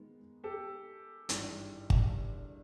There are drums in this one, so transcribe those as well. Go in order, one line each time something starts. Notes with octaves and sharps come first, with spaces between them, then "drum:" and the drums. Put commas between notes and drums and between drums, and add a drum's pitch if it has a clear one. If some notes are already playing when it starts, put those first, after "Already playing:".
Already playing: D#3 G#3 B3
G4 A4
G#1 G2 E3, drum: hi-hat
drum: kick